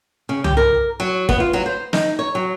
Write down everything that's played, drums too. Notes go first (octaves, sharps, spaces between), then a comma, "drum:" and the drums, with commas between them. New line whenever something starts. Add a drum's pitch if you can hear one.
C#3
G4, drum: tom
A#4
F#3
B3, drum: kick
F4
F#3
C5
D#4, drum: snare
C#5
F#3